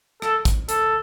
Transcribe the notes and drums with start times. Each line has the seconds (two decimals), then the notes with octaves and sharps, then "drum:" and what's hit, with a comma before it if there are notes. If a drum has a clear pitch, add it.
0.22 A4, drum: rim click
0.45 drum: kick, hi-hat
0.69 A4, drum: hi-hat